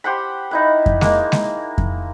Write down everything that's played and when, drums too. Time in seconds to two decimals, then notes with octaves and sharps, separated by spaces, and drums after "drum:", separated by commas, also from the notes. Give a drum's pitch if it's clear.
0.04 G4 C5 F#5 B5
0.51 D#4 E4 B4
0.86 drum: kick F2
1.01 G#3 A#3, drum: snare G#3
1.32 drum: snare G#3
1.78 drum: kick F2